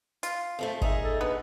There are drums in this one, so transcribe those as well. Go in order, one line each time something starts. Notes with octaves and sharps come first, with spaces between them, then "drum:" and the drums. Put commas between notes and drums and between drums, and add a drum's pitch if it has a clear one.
F4, drum: hi-hat
F2 F3 A3
A#2 D#4 G#4 E5, drum: kick G1
A4
B3 D4